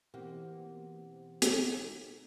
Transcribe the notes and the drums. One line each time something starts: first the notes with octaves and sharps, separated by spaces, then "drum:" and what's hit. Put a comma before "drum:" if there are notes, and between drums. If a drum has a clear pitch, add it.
B2 E3 A#3 C4 G4 F#5
D#4, drum: hi-hat